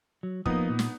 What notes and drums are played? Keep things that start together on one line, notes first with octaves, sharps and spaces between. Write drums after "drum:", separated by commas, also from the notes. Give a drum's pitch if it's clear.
F#3
F3 A#3 B3 D#4 D#6, drum: kick
A#2
drum: snare